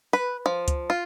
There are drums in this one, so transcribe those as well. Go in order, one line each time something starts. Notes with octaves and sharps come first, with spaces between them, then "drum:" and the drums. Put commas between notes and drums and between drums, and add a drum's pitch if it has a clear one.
B4
F3
drum: kick C#2, hi-hat
F4